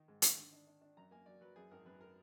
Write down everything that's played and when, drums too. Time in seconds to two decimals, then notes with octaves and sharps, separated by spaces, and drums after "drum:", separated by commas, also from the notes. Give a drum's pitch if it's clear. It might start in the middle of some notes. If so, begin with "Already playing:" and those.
Already playing: D#3 D#4
0.08 G#2
0.22 D#3, drum: hi-hat
0.38 D3
0.52 D4
0.67 D4
0.81 D4
0.97 F#2 A#5
1.11 A#3 G#5
1.26 F#3 D5
1.41 F#3 B4
1.56 F#2 G#4
1.71 G#1 A#4
1.85 F#2 B4
2.01 A#4